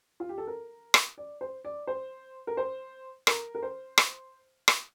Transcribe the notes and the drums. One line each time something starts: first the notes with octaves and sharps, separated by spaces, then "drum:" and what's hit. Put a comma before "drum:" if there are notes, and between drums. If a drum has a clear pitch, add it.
F4
G4
A4
A#4
drum: rim click
D5
C5
D5
C5
A#4
C5
A#4, drum: rim click
A#4
C5
drum: rim click
drum: rim click